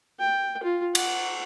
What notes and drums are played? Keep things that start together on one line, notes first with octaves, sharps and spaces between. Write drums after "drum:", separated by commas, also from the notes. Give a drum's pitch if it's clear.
G5
F4
F#5, drum: cymbal